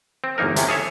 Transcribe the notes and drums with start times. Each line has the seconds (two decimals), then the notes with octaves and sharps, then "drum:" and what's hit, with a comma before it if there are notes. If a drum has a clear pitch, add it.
0.24 C4
0.38 G1 E2 A#3 D#4 A#4
0.56 E2 C3 A3 C#4, drum: hi-hat
0.68 G#4 A4 C#5 E5